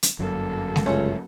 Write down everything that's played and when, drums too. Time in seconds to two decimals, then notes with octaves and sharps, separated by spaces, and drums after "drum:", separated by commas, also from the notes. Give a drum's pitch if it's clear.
0.03 drum: hi-hat
0.19 G1 F#2 F#3 A#3 A4
0.76 drum: snare G#3
0.86 C#2 G#3 A3 C#4